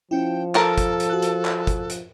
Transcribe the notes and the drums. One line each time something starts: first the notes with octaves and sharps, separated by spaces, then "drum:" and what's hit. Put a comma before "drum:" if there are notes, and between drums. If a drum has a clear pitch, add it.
F3 C#4 E4 G5
A4 A#4 A5 F6, drum: clap
drum: kick, hi-hat
drum: hi-hat
F#4 F#6
drum: hi-hat
drum: clap
drum: kick, hi-hat
drum: hi-hat